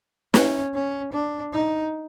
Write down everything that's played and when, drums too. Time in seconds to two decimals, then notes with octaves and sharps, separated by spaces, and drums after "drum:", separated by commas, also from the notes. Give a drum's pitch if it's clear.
0.34 C#4, drum: snare
0.74 C#4
1.13 D4
1.53 D#4